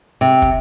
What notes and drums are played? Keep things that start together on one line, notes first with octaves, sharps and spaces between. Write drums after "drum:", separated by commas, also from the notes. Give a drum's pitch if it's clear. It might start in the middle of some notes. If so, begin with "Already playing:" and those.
C3
drum: kick